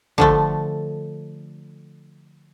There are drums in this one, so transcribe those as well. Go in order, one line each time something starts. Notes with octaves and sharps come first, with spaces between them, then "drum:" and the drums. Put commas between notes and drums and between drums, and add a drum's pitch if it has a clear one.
D3 F3 A3, drum: kick